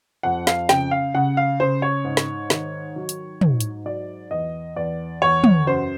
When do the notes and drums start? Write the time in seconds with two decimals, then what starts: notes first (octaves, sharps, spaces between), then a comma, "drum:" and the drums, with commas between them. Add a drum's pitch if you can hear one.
0.23 F2 F#5
0.47 F5, drum: snare
0.69 C#3 G5, drum: snare
0.91 F5
1.15 C#3 F#5
1.37 F5
1.60 C#3 C5
1.82 C#5
2.04 G#2
2.17 drum: snare
2.50 D#3, drum: snare
2.96 F#3
3.09 drum: hi-hat
3.41 G#2, drum: tom
3.60 drum: hi-hat
3.86 F#3 D5
4.31 E2 D#5
4.76 E2 D5
5.22 E2 C#5
5.44 drum: tom
5.67 F#2 C5